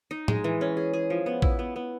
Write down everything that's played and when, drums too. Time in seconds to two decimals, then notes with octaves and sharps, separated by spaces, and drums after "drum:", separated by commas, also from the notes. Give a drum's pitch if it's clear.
0.11 D#4
0.28 G#3, drum: tom A2
0.44 E3
0.61 C#4
0.77 G#4
0.93 G#4
1.10 F3
1.26 B3
1.42 E4, drum: kick
1.59 B3
1.76 B3